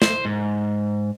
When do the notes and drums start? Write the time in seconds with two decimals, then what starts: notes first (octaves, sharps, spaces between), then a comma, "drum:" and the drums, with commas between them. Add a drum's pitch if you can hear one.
0.02 C5, drum: snare
0.25 G#2